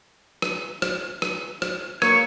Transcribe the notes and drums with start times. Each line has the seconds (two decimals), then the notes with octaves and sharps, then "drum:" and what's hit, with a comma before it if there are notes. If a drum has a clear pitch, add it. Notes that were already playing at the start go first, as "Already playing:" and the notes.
0.42 drum: rim click
0.82 drum: rim click
1.22 drum: rim click
1.62 drum: rim click
2.02 A#3 A#4 C#5 C#6, drum: rim click